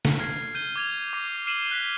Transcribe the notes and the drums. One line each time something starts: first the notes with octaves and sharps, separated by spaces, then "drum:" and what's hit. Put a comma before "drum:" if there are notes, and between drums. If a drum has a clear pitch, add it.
drum: snare
F6 G#6 C7
G6 D#7 G7
D6 G#6 F7
D6 C7
F6 C7 D#7 E7 F#7 G7
F#6 B6 G7